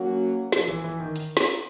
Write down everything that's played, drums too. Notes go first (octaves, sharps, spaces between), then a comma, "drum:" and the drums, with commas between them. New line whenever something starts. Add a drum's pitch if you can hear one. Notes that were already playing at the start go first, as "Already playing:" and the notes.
Already playing: F#3 A#3 C#4 F#4
F3, drum: snare
E3
E3
D#3
drum: hi-hat
drum: snare